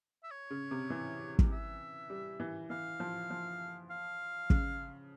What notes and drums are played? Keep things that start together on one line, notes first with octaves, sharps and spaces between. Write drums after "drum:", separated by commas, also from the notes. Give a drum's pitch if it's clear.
E5
C#5
C#3
C3
E3
drum: kick
E5
G3
E3
E3 F5
F3
F3
F5
C#3, drum: kick